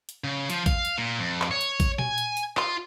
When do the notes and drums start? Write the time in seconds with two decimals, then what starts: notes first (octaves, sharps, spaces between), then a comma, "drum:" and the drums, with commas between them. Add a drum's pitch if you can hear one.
0.09 drum: hi-hat
0.24 C#3
0.50 F3, drum: hi-hat
0.66 F5, drum: kick A1, hi-hat
0.85 drum: hi-hat
0.98 A#2
1.19 F2
1.42 drum: clap
1.51 C#5
1.61 drum: hi-hat
1.80 drum: kick A1, hi-hat
1.99 G#5, drum: tom A#2
2.18 drum: hi-hat
2.37 drum: hi-hat
2.57 F4, drum: clap